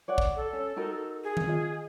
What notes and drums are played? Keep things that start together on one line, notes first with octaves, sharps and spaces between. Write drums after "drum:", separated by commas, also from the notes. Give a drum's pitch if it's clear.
C#5 D5 F#5
drum: kick
A4
C#4
D#4 F#4 A#4
G#4
drum: tom D#3
F4 D#5